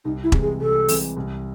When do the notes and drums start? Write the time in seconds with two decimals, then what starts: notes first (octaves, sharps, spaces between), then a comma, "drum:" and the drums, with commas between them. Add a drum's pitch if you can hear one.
0.05 C2 D#4
0.23 E4
0.32 C3 E3 G#3, drum: kick E1
0.42 G#4
0.61 C2 A4
0.88 C3 E3 G#3, drum: open hi-hat
1.17 C2